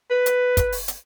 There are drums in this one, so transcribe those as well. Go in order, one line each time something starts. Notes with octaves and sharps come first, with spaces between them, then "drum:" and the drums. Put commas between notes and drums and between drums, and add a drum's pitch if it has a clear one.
B4
drum: hi-hat
drum: kick, hi-hat
drum: open hi-hat
drum: hi-hat